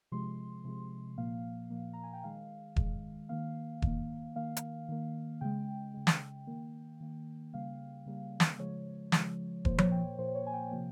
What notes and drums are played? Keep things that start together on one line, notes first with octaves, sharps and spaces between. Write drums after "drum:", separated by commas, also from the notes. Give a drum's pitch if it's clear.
C3 F3 G#3 C6
C3 F3 G#3
A#2 F3 A#3 F5
A#2 F3 A#3
A#5
G#5
G5
D#3 G#3 F5
D#3 G#3, drum: kick E1
D#3 A#3 F5
D#3 A#3, drum: kick E1
D#3 A#3 F5
drum: hi-hat
D#3 A#3
C#3 G#3 G5
C#3 G#3
drum: snare
D#3 A#3
D#3 A#3
C#3 G3 A#3 F5
C#3 G3 A#3
drum: snare
C#3 F3 G#3 C#5
C#3 F3 G#3, drum: snare
A#2 F3 A#3 C5, drum: kick E1
C#5, drum: tom F3
G5
A#2 F3 A#3 C5
C5
C#5
G#5
G5
C3 F3 A#3